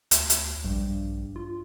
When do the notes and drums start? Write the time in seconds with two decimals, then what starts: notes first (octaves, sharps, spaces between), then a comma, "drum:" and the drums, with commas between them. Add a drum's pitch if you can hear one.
0.11 D2, drum: hi-hat
0.30 drum: hi-hat
0.64 A#1 G2
1.36 F4